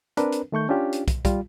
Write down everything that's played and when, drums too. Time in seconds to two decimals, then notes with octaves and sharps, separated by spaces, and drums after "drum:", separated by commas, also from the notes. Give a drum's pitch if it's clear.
0.17 C4 D4 A#4 B4, drum: hi-hat
0.32 drum: hi-hat
0.52 D#3 A3 C#6 G6
0.69 C#4 D4 F4 G4
0.93 drum: hi-hat
1.08 drum: kick, hi-hat
1.25 G3 F4, drum: kick, hi-hat